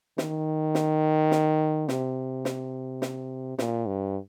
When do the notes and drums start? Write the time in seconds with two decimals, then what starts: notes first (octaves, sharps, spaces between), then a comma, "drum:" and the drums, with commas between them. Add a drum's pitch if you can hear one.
0.18 D#3, drum: snare
0.75 drum: snare
1.31 drum: snare
1.88 C3, drum: snare
2.45 drum: snare
3.02 drum: snare
3.58 A#2, drum: snare
3.88 G2